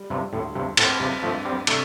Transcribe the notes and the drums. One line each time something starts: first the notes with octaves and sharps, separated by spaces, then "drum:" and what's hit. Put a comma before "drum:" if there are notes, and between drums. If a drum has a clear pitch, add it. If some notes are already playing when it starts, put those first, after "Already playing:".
Already playing: G3
G2 C3
D2 A2
G2 C3
A2 C4, drum: cymbal
G2 C3
G2 F3 A3
G3 C4
C3 A3 D4, drum: cymbal